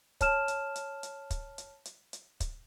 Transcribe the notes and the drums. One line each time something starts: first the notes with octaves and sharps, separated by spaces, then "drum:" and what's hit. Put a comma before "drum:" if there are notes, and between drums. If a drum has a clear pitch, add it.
C#5 A5 F6 E7, drum: kick, hi-hat
drum: hi-hat
drum: hi-hat
drum: hi-hat
drum: kick, hi-hat
drum: hi-hat
drum: hi-hat
drum: hi-hat
drum: kick, hi-hat